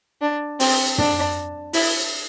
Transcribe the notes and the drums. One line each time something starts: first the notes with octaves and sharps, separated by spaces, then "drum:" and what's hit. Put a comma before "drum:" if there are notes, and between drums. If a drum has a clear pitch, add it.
D4
C4, drum: open hi-hat
D4, drum: tom
E4, drum: open hi-hat